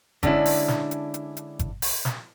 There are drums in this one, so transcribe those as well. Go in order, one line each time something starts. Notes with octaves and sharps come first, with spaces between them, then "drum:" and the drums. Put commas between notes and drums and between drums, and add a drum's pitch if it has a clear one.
D3 G#3 C#4 D4 E4, drum: kick G1, hi-hat
drum: open hi-hat
drum: snare
drum: hi-hat
drum: hi-hat
drum: hi-hat
drum: kick G1, hi-hat
drum: open hi-hat
drum: snare